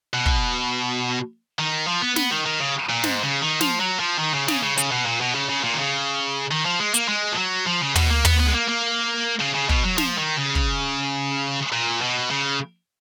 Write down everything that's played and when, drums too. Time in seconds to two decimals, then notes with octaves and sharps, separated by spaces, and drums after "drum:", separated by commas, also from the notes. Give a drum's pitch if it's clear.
0.13 B2
0.26 drum: kick
1.59 D#3
1.87 F3
2.02 B3
2.16 B3, drum: snare
2.31 D#3
2.45 D#3
2.60 C#3
2.89 A#2
3.04 G#2, drum: snare
3.23 C#3
3.42 D#3
3.61 F3, drum: snare
3.80 F#3
4.00 F3
4.19 D#3
4.33 C#3
4.48 C#3, drum: snare
4.63 C#3
4.78 C#3, drum: hi-hat
4.91 B2
5.05 A#2
5.21 B2
5.35 C#3
5.49 C#3
5.64 A#2
5.74 D#3
5.79 C#3
6.51 D#3
6.65 F3
6.80 G#3
6.94 A#3, drum: hi-hat
7.08 G#3
7.32 F3
7.37 F#3
7.66 F3
7.81 C#3
7.96 B2, drum: tom
8.10 A#3
8.25 B3, drum: tom
8.39 B3
8.47 G#3
8.54 A#3
8.68 A#3
9.41 C#3
9.55 C#3
9.69 B2, drum: kick
9.84 F#3
9.98 F3, drum: snare
10.18 D#3
10.37 C#3
10.55 drum: kick
11.72 A#2
12.01 B2
12.31 C#3